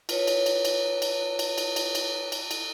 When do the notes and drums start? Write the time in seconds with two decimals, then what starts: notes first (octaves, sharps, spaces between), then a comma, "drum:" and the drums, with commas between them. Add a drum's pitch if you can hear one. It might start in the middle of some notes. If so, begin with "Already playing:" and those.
0.09 F4 B4 C#5, drum: cymbal
0.27 drum: cymbal
0.46 drum: cymbal
0.65 drum: cymbal
1.02 drum: cymbal
1.39 drum: cymbal
1.58 drum: cymbal
1.76 drum: cymbal
1.95 drum: cymbal
2.32 drum: cymbal
2.51 drum: cymbal